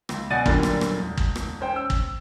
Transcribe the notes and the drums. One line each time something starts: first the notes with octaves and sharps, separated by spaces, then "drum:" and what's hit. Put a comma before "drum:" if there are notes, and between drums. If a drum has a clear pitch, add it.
C#2, drum: rim click
B2 D5 F#5 G#5 A6 D#7
F#2 A#2 D3 F#3 G3 A#3, drum: kick
drum: rim click
drum: rim click
E1
drum: kick
drum: rim click
C#4 C5 G5
E6
drum: kick